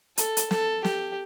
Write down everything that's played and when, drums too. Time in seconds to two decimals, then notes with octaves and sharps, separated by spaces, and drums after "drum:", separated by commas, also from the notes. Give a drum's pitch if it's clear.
0.18 A4, drum: hi-hat
0.37 drum: hi-hat
0.51 A4, drum: snare
0.84 G4, drum: snare